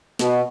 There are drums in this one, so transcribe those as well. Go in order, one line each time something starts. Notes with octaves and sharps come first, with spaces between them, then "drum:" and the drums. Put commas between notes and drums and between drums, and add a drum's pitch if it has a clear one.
B2, drum: snare